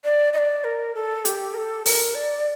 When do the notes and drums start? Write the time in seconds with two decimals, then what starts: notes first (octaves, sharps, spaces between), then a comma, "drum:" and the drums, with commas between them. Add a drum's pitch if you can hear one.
0.05 D5
0.34 D#5
0.38 D5
0.64 A#4
0.95 A4
1.25 G4, drum: hi-hat
1.54 A#4
1.57 A4
1.86 A#4, drum: open hi-hat
2.15 D5